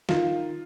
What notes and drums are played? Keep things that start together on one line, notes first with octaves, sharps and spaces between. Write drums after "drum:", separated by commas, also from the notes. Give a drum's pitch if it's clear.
D#3 F4, drum: snare